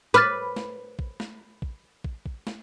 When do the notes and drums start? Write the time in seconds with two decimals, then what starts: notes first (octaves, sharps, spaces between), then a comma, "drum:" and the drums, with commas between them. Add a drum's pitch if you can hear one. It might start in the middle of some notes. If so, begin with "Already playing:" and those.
0.14 B4 D6 F6 A6, drum: snare
0.56 drum: snare
0.99 drum: kick
1.20 drum: snare
1.62 drum: kick
2.04 drum: kick
2.26 drum: kick
2.47 drum: snare